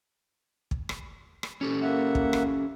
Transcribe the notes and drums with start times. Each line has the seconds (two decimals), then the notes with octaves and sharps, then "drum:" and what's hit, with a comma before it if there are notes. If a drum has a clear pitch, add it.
0.71 drum: kick
0.89 drum: rim click
1.43 drum: rim click
1.61 C#4 G4 A4
1.83 A#3 E5 F#5
2.15 drum: kick
2.33 drum: rim click